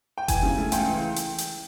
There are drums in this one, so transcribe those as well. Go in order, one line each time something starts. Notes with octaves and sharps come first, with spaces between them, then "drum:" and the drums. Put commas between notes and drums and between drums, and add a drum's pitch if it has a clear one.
G5
E3 G#5, drum: kick F#1, hi-hat
C#3
A3
C#2 G5, drum: hi-hat
E3
drum: hi-hat
drum: hi-hat